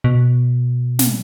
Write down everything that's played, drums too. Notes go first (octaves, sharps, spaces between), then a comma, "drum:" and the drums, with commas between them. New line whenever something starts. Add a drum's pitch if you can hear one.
B2
drum: snare